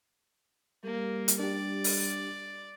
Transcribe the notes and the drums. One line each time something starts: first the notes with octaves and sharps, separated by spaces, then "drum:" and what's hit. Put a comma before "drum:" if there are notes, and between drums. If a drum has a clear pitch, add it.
G3 A#3
drum: hi-hat
D4 G4 D5
drum: open hi-hat